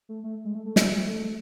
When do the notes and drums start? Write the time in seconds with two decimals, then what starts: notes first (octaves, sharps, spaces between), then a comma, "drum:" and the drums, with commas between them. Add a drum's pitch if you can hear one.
0.09 A3
0.24 A3
0.45 G#3
0.55 A3
0.65 A3
0.76 G#3, drum: snare
0.86 G#3
0.97 F#3
1.07 A3